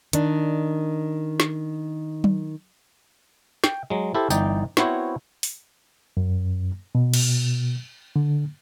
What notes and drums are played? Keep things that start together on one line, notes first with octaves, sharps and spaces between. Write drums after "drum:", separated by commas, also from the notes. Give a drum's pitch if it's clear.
D#3 D4, drum: hi-hat
drum: snare
drum: tom F#3
G5, drum: snare
F#3 G#3
E4 G4 A4 C5
G1 E3 D#4 D5 G5, drum: tambourine
B3 C4 E4 F#4 C5 C#5, drum: snare
drum: open hi-hat
F#2
B2
drum: cymbal
D3